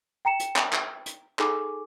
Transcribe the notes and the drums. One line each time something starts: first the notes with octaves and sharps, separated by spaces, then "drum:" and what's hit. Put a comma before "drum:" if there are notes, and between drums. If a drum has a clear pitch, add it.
G5 A#5 C#7 E7
drum: hi-hat
drum: clap
drum: clap
drum: hi-hat
D#4 G#4 A4 G#5 C#6 D6, drum: clap